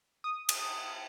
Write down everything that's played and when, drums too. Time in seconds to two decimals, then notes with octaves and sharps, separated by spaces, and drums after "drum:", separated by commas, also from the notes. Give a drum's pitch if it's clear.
0.24 D#6
0.49 drum: cymbal